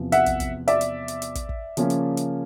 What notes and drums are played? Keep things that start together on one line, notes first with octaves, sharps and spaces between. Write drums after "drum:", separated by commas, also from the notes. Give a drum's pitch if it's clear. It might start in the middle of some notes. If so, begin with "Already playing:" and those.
Already playing: E2 C3 F3
E5 F#5, drum: hi-hat
drum: kick, hi-hat
drum: kick, hi-hat
D5 E5, drum: hi-hat
drum: hi-hat
drum: hi-hat
drum: hi-hat
drum: kick, hi-hat
drum: kick
C#3 F3 A#3 C#4 F4, drum: hi-hat
drum: hi-hat
drum: hi-hat